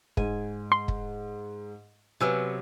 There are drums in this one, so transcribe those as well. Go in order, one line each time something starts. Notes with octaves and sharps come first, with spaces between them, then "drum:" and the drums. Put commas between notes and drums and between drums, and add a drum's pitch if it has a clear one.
G#2 G#5, drum: kick
C6
drum: kick
C3 F#3 B3 B4 G#5 E6